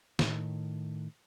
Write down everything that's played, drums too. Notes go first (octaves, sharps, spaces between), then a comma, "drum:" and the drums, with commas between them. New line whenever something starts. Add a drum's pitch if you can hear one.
A2 D#3, drum: snare